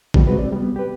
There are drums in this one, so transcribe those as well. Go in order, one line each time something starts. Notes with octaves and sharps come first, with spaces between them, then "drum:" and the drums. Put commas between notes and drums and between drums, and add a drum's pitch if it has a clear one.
B2 D3 D#3 F3 G3 A3, drum: kick
C3 G#3 F#4 B4
C4 D5
G3 B3
G4 B4